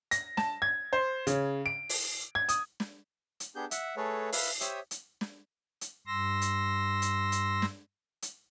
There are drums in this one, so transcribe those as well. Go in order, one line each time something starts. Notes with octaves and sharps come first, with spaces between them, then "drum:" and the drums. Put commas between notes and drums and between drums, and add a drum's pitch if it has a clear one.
A#6, drum: hi-hat
A5, drum: snare
G#6
C5
C#3, drum: hi-hat
D7
drum: open hi-hat
G#6
D#6, drum: hi-hat
drum: snare
drum: hi-hat
B3 D4 G4 G#4 G6
E5 F#5, drum: hi-hat
A3 G#4 A4 B4 C#5
B4 E5 F5, drum: open hi-hat
G4 C5 C#5 E5 D#6 E6, drum: hi-hat
drum: hi-hat
drum: snare
drum: hi-hat
G2 C6 E6 A#6
drum: hi-hat
drum: hi-hat
drum: hi-hat
drum: snare
drum: hi-hat